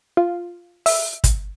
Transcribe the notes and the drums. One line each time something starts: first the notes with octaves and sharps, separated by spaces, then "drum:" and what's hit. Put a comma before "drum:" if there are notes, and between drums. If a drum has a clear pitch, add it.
F4
E5, drum: open hi-hat
drum: kick, hi-hat